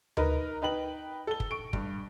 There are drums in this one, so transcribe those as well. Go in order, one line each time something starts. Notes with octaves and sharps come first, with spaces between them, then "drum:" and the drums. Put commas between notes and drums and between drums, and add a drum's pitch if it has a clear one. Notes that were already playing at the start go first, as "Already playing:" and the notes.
D#4 A#4 B4, drum: tom D2
D#4 B4 G5 F#7
A4 G7
drum: kick
C#6 D7
G2, drum: kick